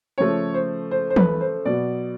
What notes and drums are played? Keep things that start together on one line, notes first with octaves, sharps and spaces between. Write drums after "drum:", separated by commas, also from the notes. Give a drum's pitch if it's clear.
C#3 F3 A3 C#5
C5
C5
C5
B4, drum: tom E3
C5
B2 F#3 B3 D5